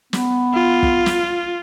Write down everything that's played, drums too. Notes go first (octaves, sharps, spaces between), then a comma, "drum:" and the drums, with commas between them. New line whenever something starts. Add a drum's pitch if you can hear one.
B3, drum: snare
F4
drum: kick
drum: snare